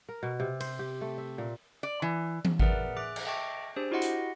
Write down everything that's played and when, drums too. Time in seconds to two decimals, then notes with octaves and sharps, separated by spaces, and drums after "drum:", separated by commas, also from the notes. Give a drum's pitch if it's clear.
0.09 A#4
0.23 B2
0.40 C3
0.60 C5, drum: cymbal
0.79 G4
1.01 A3
1.18 E5
1.38 A#2
1.83 D5
2.02 E3
2.45 drum: tom E3
2.60 G#4 A#4 B4 D5 E5 F#5, drum: kick G#1
2.96 G#4 E5 D6 F#6
3.16 drum: cymbal
3.25 D#5 E5 G5 A5 C#6 D6
3.76 D4 G4 G#4 C5
3.91 E4 F#4 G4 D#5 F#5 C6
4.02 drum: hi-hat